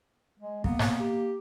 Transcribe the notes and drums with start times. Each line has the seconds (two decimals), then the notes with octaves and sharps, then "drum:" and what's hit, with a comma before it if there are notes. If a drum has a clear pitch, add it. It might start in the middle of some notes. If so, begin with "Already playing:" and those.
0.40 G#3
0.64 A#3 B3, drum: kick
0.79 drum: snare G#2
1.00 G4